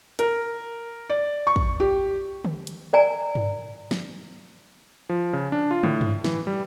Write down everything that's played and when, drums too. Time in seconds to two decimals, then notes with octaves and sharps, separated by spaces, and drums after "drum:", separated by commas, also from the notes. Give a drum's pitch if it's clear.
0.19 A#4, drum: hi-hat
1.10 D5
1.47 C#6
1.56 drum: kick
1.80 G4
2.45 drum: tom D3
2.67 drum: hi-hat
2.93 A#4 D5 G#5 A#5
3.35 drum: tom G2
3.91 drum: snare
5.09 F3
5.33 C#3
5.52 D4
5.71 F4
5.83 A2, drum: tom
6.01 drum: tom G2
6.24 E3, drum: snare
6.47 G3